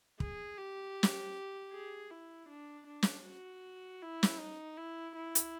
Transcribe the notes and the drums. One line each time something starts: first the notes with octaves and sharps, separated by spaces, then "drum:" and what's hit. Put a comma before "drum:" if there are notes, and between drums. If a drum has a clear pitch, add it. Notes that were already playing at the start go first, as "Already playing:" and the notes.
G#4, drum: kick
G4
drum: snare
G#4
E4
D4
D4
drum: snare
F#4
E4
drum: snare
D#4
E4
E4
drum: hi-hat